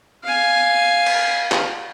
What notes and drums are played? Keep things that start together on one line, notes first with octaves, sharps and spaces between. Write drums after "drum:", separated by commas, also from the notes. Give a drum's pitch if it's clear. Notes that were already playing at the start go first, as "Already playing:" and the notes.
F5 G#5
drum: cymbal
drum: clap